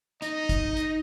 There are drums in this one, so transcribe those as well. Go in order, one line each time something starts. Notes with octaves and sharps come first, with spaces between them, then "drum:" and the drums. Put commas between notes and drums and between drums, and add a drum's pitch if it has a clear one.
D#4 D#5, drum: hi-hat
drum: kick, hi-hat
drum: hi-hat